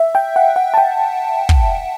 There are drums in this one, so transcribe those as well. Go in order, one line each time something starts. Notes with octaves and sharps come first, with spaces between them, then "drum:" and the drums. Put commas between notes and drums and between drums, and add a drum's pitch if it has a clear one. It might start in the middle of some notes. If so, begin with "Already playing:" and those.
Already playing: E5
G5
F#5
F#5
A5
G5
drum: kick